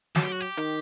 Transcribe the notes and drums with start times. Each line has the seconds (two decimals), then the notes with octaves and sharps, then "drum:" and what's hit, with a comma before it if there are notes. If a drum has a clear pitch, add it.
0.16 F#3 A4, drum: snare
0.24 G4
0.32 F#4
0.40 G4
0.57 D#3, drum: hi-hat